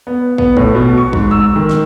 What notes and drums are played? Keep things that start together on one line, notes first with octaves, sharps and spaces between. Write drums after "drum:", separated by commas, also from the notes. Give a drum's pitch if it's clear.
B3
B3, drum: kick
A2, drum: kick
B2
C#6
G#2, drum: kick
E6
D#3
drum: snare